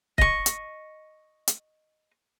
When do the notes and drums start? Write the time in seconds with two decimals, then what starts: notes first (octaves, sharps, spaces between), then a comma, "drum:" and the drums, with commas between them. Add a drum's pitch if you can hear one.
0.18 D#5 C#6, drum: kick C#1
0.46 drum: hi-hat
1.48 drum: hi-hat